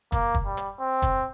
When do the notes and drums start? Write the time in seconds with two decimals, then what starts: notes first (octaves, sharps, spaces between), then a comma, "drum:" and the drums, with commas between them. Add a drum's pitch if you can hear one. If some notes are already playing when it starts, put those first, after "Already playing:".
0.12 A#3, drum: kick, hi-hat
0.34 drum: kick
0.46 G3
0.57 drum: hi-hat
0.80 C4
1.02 drum: kick, hi-hat